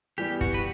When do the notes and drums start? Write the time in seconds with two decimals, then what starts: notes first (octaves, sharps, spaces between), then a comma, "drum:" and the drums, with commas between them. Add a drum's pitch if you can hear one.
0.18 E3 G3 B3 G4
0.41 F#4, drum: kick
0.54 B4